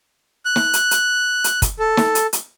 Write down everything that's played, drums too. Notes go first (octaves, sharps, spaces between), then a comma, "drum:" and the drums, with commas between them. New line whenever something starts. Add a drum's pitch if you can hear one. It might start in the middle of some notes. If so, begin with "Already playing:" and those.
F#6
drum: snare
drum: hi-hat
drum: hi-hat
drum: hi-hat
drum: kick, hi-hat
A4
drum: snare
drum: hi-hat
drum: hi-hat